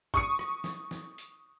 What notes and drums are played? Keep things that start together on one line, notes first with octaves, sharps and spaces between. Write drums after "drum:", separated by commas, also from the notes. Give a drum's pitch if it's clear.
C#6 D#6 C#7, drum: kick G#1
drum: rim click
drum: snare
drum: snare
drum: hi-hat